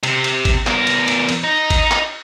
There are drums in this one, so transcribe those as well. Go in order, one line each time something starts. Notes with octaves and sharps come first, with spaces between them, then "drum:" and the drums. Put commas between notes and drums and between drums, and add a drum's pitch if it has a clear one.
C3, drum: cymbal
drum: cymbal
drum: kick G#1, cymbal
E2 A#4, drum: clap
drum: cymbal
drum: cymbal
drum: cymbal
D#4
drum: kick G#1, cymbal
drum: clap